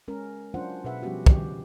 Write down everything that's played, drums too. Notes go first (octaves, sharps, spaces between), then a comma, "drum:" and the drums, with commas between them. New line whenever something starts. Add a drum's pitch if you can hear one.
G#3 C#4 A#4
F#3 C#4 D4 F4 C5 F#5
B2 D4 G#4 B4 E5 F#5
F3 G3 B3 C#4 F#4 G4
C#3 F3 G4, drum: kick